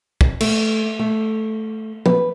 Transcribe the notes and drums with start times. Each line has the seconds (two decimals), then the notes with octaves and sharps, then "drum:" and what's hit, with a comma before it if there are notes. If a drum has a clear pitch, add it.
0.21 drum: kick
0.41 A3, drum: cymbal
0.99 A3
2.06 B4, drum: tom F3